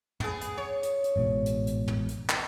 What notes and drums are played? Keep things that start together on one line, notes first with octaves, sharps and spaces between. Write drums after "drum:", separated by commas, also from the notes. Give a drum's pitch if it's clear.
B3 G#4, drum: tom
drum: hi-hat
C#5
drum: hi-hat
drum: hi-hat
A1 G#2 B2
drum: hi-hat
drum: hi-hat
drum: tom
drum: hi-hat
drum: clap